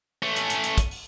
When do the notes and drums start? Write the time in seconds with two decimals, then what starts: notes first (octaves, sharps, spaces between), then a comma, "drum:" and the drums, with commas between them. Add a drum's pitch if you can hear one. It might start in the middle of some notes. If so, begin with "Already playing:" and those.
0.23 A3 C#4
0.36 drum: hi-hat
0.50 drum: hi-hat
0.64 drum: hi-hat
0.78 drum: kick, hi-hat
0.91 drum: open hi-hat